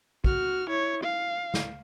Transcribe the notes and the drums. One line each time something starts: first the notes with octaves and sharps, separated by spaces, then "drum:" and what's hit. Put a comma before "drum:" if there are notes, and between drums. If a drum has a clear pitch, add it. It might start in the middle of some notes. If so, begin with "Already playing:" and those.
F#4 F6, drum: kick
E4 C#5
F5
drum: snare